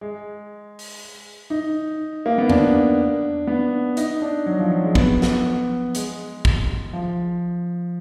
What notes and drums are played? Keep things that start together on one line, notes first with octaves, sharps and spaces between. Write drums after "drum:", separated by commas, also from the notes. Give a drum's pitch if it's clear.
G#3
drum: open hi-hat
D#4
A#3
B3
D4, drum: tom E2
B3
D#4, drum: hi-hat
D4
F#3
F3
F#3
G#3
B3, drum: kick
drum: snare
G#3, drum: hi-hat
drum: kick
F3